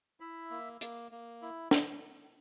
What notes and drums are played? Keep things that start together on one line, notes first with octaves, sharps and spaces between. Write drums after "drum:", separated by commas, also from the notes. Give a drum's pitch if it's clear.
E4 E5
A#3
A#3, drum: hi-hat
A#3
E4
drum: snare